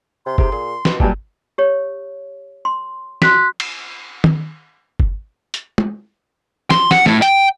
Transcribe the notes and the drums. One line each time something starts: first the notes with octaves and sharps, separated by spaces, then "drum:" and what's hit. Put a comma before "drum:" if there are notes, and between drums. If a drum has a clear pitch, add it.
C3 C6
C3 D#4 G4 G#4, drum: kick
A#2 G#4
B2 B4, drum: snare
A#2 F#3 G3 G4 G#5 A5, drum: kick
G4 C#5
C6
F#4 C6 F#6 B6, drum: snare
drum: cymbal
drum: tom
drum: kick
drum: hi-hat
drum: tom
C6, drum: snare
F#5, drum: snare
A3 E4, drum: snare
G5, drum: hi-hat